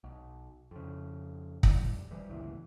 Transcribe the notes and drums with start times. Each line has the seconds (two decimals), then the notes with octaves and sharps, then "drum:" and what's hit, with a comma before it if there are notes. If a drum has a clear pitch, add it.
0.04 B1
0.71 F2 C#3
1.63 F2 A2 G3, drum: kick
2.11 E3 G3
2.29 G1 C#2 A#2 E3